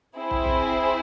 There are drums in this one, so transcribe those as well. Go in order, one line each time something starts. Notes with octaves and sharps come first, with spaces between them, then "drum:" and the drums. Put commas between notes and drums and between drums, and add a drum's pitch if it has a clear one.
C4 E4 G#4 C5
drum: kick
drum: kick